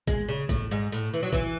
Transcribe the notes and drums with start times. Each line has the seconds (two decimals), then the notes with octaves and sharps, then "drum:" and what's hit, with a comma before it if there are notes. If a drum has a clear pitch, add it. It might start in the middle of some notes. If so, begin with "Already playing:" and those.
0.07 G#3, drum: kick, hi-hat
0.29 C#3
0.49 A2, drum: kick, hi-hat
0.71 G#2
0.92 A2, drum: hi-hat
1.14 E3
1.23 F#3
1.33 E3, drum: kick, hi-hat